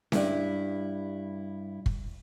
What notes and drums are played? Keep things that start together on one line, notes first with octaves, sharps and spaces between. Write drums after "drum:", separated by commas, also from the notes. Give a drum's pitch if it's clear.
G2 E4, drum: snare C#4
drum: kick